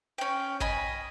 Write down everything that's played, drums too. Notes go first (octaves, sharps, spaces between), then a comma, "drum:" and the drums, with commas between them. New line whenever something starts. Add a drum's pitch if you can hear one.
C#4 G5
D#5 G#5 B5, drum: kick G1